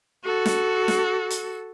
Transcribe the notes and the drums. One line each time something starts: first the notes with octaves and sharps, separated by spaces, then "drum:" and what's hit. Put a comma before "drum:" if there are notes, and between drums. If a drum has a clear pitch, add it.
F#4 A4
drum: snare
drum: snare
drum: hi-hat